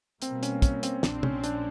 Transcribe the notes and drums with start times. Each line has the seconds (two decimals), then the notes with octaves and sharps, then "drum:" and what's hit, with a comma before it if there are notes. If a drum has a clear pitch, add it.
0.22 B2 G3 A#3 C4, drum: hi-hat
0.43 C#4, drum: hi-hat
0.62 C#4, drum: kick, hi-hat
0.83 C4, drum: hi-hat
1.03 A#1 A#2 G3 C4 D4, drum: snare
1.23 C#4, drum: tom
1.44 D4, drum: hi-hat